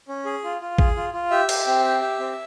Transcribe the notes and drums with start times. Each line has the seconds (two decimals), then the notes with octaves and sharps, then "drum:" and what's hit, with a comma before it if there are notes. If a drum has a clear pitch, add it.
0.08 C#4
0.26 G#4
0.44 F4
0.61 F4
0.78 G#4, drum: kick A1
0.96 F4
1.13 F4
1.31 G4 E5
1.49 G4, drum: cymbal
1.67 C4
1.84 G4
2.01 G4
2.20 C4